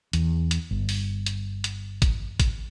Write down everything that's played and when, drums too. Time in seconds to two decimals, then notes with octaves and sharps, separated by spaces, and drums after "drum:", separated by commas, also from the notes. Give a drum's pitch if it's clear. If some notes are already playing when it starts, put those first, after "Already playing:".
0.13 E2, drum: hi-hat
0.51 drum: hi-hat
0.71 G1
0.89 drum: open hi-hat
1.26 drum: hi-hat
1.64 drum: hi-hat
2.02 drum: kick G#1, hi-hat
2.40 drum: kick G#1, hi-hat